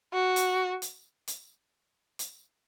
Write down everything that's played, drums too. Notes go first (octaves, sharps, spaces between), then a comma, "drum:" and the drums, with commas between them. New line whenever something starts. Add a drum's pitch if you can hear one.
F#4
drum: hi-hat
drum: hi-hat
drum: hi-hat
drum: hi-hat